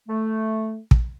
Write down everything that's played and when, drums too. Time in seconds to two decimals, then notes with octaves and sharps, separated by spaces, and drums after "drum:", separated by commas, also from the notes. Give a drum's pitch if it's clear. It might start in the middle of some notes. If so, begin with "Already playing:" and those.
0.09 A3
0.91 drum: kick